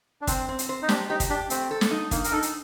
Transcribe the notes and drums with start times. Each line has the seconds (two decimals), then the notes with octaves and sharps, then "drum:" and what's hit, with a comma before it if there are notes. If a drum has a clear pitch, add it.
0.21 D4
0.27 C4 C5, drum: kick, hi-hat
0.49 C4
0.59 drum: hi-hat
0.69 C5
0.82 D#4
0.89 D4 G4, drum: snare
1.10 D#4 G4
1.20 drum: kick, hi-hat
1.30 D4 G4
1.50 A3 C4, drum: hi-hat
1.71 A4
1.81 drum: snare
1.91 D#4
2.11 A#3 D#4, drum: kick, hi-hat
2.24 A#4, drum: hi-hat
2.32 D#4 A4
2.42 drum: hi-hat